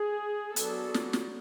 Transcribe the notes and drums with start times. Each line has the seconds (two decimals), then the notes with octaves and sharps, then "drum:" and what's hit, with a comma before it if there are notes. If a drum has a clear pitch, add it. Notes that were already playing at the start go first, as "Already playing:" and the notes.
Already playing: G#4
0.56 F#3 B3 D4 A4, drum: hi-hat
0.94 drum: snare
1.13 drum: snare